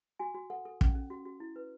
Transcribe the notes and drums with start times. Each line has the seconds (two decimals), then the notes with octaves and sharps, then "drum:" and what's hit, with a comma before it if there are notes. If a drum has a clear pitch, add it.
0.19 F#4 G#5
0.35 F#4
0.50 A4 F#5
0.65 A4
0.81 C#4, drum: kick
0.95 C#4
1.10 F#4
1.25 F#4
1.40 E4
1.56 B4